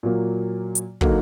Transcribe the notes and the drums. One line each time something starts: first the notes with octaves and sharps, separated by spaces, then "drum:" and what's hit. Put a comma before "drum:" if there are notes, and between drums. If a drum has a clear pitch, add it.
A#2 F#3 A#3
drum: hi-hat
D3 F#3 A#3 D#4, drum: kick